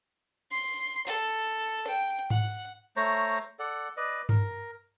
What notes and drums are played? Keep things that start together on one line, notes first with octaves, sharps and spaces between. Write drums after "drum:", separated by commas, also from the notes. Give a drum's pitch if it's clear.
C6
A4, drum: open hi-hat
G5
F#5, drum: tom G#2
A3 C5 C#5 A#5
A4 D5 F#5
B4 D5 D#5
A#4, drum: tom G2